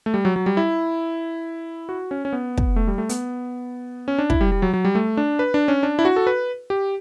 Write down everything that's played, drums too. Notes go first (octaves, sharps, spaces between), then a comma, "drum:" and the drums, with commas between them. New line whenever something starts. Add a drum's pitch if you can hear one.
A3
G3
F#3
F#3
G3
E4
F#4
C#4
C#4
B3
drum: kick
A3
G3
A3
B3, drum: hi-hat
C#4
D4
E4, drum: kick
G3
G3
F#3
F#3
G3
A3
D4
B4
D4
C#4
D4
E4
F#4
A4
B4
G4